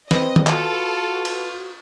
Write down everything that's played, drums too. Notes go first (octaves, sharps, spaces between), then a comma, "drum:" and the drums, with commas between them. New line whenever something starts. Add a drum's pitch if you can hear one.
C4 B4 D#5, drum: snare
drum: tom D#3
F4 F#4 A4, drum: clap
drum: cymbal